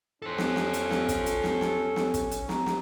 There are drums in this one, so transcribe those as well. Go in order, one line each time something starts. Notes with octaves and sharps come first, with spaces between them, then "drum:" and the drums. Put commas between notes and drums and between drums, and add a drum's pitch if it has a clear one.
C#4 A4 C5
drum: snare
drum: snare
drum: hi-hat
drum: snare
drum: kick, hi-hat
drum: hi-hat
drum: snare
drum: snare
drum: snare
drum: kick, hi-hat
drum: hi-hat
A#5, drum: snare
drum: snare